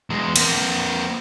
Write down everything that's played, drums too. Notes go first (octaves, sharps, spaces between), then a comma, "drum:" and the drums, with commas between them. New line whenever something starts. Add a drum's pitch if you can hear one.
E2 G#3
A#3 C4, drum: cymbal